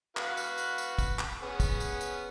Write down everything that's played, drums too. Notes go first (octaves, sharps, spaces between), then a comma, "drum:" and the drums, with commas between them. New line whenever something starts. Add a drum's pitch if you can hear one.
F#4 B4 F5, drum: clap
drum: tambourine
drum: tambourine
drum: tambourine
drum: kick, tambourine
drum: clap
B3 C#4 G#4
drum: kick, tambourine
drum: tambourine
drum: tambourine